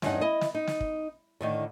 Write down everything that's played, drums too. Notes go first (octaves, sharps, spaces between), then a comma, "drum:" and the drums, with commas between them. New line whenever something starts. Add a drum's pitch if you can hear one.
E2 G2 C#4 D#4 F#5, drum: snare
E4 D#5
drum: snare
D#4
drum: snare
drum: kick
A2 D3 D#3